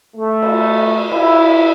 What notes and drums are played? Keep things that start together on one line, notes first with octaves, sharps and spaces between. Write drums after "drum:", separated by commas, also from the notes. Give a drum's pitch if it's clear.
A3
drum: cymbal
E4, drum: cymbal